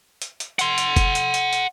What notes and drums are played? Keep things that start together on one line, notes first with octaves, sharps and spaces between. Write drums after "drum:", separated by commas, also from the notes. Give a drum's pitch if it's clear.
drum: hi-hat
drum: hi-hat
F#5 C6, drum: hi-hat
drum: hi-hat
drum: kick F#1, hi-hat
drum: hi-hat
drum: hi-hat
drum: hi-hat